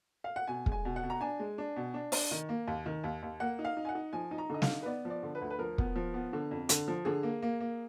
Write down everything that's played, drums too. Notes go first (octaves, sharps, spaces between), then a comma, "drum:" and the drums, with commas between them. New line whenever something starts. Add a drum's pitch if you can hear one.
F5
F#5
B2 G#5
G#3, drum: kick
G#5
B2
F#5
B2
A#5
D4 G#5
G#3
D4
B2
D4
D4, drum: open hi-hat
D#3
A#3
D#2
D#3
D#2
D#2
A#3 F#5
D#4
F5
D#4
G#5
F#5
D#4
F3 G#5
D#4
A#5
D3 D#5
F5, drum: snare
D#4
B4
B3 D5
F3
D5
D3
B4
D2
B4
F3 A#4
B3, drum: kick
F3
B3
D3
F2
D3, drum: hi-hat
F3
D3 G#4
A#3
A#3
A#3